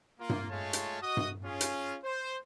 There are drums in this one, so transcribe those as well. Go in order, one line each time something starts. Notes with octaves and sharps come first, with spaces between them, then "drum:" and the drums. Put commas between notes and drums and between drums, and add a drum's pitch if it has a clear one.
A#3 F4
drum: tom G2
G#3 A3 F4 C#5 F5 A5
drum: hi-hat
F#4 D#5 D#6
drum: tom G2
C#4 F4 G#4
drum: hi-hat
C5